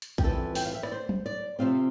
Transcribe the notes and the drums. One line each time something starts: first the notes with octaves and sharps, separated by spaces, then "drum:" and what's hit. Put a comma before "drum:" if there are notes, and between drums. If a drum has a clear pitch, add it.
drum: hi-hat
G4, drum: kick A#1
F2 E3 G3 A4
G5, drum: open hi-hat
F5
E5
D5, drum: rim click
C5
drum: tom
D5
C3 F3 A3 C4 F5